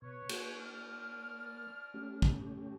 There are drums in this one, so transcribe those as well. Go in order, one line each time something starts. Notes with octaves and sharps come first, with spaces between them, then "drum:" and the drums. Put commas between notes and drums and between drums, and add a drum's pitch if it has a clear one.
B2 B4 C#5
A#3, drum: cymbal
D5 F6
A3 C#4 G4
drum: kick